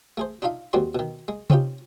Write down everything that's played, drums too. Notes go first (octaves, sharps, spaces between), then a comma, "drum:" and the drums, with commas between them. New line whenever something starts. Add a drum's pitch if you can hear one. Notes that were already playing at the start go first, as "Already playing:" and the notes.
A3 G#4 C5
D4 D#4 F4 E5 F5
D#2 G#3 C4 F#4 D5 C6
B2 D#3
G#3
C4 C#4 D#4 F4 G4, drum: tom C3